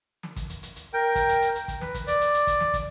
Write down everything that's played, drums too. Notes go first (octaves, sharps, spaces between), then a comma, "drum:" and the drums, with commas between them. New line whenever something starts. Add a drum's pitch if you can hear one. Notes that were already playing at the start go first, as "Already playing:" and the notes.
drum: snare
drum: kick, hi-hat
drum: hi-hat
drum: hi-hat
drum: hi-hat
A#4 G5
drum: kick, hi-hat
drum: hi-hat
drum: hi-hat
drum: hi-hat
drum: kick, hi-hat
B4, drum: snare
drum: kick, hi-hat
D5, drum: hi-hat
drum: hi-hat
drum: hi-hat
drum: kick, hi-hat
drum: snare
drum: kick, hi-hat